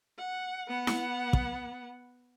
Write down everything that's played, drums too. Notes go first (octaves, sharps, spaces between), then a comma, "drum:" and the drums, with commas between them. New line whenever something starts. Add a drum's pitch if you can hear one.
F#5
B3 F#5
drum: snare E4
drum: kick